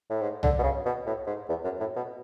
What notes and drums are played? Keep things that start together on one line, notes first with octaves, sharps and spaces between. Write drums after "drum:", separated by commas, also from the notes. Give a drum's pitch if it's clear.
A2
G#2
D3, drum: tom C2
B2
C#3
B2
A2
G#2
E2
F#2
A2
B2